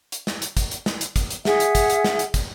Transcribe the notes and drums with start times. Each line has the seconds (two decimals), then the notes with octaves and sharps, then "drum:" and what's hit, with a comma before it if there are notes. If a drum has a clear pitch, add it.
0.12 drum: hi-hat
0.27 drum: snare
0.42 drum: hi-hat
0.57 drum: kick, hi-hat
0.71 drum: hi-hat
0.86 drum: snare
1.01 drum: hi-hat
1.16 drum: kick, hi-hat
1.31 drum: hi-hat
1.45 G#4 E5 F#5, drum: snare
1.60 drum: hi-hat
1.75 drum: kick, hi-hat
1.90 drum: hi-hat
2.04 drum: snare
2.19 drum: hi-hat
2.34 drum: kick, hi-hat